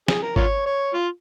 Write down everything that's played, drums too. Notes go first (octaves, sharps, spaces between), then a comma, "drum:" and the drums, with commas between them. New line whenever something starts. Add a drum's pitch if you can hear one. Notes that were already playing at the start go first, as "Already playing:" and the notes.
G#4, drum: snare
A#4
F4 A#4 C#5, drum: kick G#1
C#5
F4